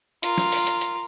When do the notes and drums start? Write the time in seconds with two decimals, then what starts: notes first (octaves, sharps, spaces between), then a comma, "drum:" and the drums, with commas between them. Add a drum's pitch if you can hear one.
0.23 F4 A#4, drum: hi-hat
0.38 drum: snare
0.52 drum: open hi-hat
0.67 drum: hi-hat
0.81 drum: hi-hat